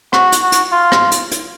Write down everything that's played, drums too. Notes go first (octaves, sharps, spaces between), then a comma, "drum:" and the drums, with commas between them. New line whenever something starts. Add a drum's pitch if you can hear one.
F#4, drum: rim click
drum: hi-hat
F#4
drum: hi-hat
F4
drum: rim click
drum: hi-hat
drum: hi-hat